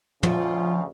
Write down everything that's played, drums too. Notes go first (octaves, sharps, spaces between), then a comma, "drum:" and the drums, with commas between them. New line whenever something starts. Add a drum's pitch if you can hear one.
D2 C#3 F3 F4, drum: tom